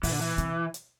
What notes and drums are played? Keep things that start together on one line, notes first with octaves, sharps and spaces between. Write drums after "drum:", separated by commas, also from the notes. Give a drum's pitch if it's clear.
A#2 E3, drum: open hi-hat
D3
E3
C3, drum: hi-hat
drum: hi-hat